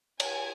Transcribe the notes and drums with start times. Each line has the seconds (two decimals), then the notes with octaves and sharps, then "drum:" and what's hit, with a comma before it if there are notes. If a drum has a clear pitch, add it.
0.20 C#5 G#5, drum: cymbal